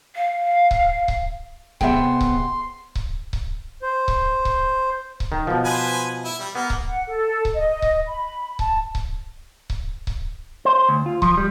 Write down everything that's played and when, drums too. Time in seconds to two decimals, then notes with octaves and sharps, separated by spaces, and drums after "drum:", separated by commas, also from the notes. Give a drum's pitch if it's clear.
0.16 F5
0.71 drum: kick C#1
1.08 drum: kick C#1
1.81 C3 B3 G#4 E5 G5 C6, drum: kick C#1
2.21 drum: kick C#1
2.95 drum: kick C#1
3.33 drum: kick C#1
3.82 C5
4.08 drum: kick C#1
4.45 drum: kick C#1
5.20 drum: kick C#1
5.32 D#3
5.47 B2 F3
5.65 B4 C5 G#5
6.25 E4
6.40 G3
6.55 A#3 B3
6.70 drum: kick C#1
6.87 F#5
7.07 A4
7.45 drum: kick C#1
7.56 D#5
7.82 drum: kick C#1
8.07 B5
8.59 A5, drum: kick C#1
8.95 drum: kick C#1
9.70 drum: kick C#1
10.07 drum: kick C#1
10.65 C5
10.89 D2
11.06 F4
11.22 F3, drum: kick C#1
11.37 G3